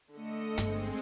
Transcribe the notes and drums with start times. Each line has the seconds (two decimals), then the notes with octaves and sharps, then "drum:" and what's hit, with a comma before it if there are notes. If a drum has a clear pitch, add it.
0.13 D3 A3 D#5 C#7
0.58 G1 G2 G#3 C4, drum: hi-hat